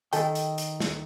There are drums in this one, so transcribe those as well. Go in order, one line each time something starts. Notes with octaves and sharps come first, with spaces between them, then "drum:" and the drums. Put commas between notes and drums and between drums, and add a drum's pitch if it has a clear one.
D#3 A4 G5, drum: hi-hat
drum: hi-hat
drum: hi-hat
drum: snare